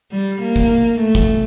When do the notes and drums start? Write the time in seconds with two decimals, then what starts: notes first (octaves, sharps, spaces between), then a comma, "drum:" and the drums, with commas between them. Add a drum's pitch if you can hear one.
0.11 G3
0.41 A#3
0.56 drum: kick
1.00 A3
1.15 drum: kick